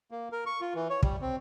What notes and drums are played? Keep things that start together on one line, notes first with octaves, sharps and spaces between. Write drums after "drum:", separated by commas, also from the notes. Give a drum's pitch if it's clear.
A#3
A#4
C#6
F4
E3
C#5
G3, drum: kick
C4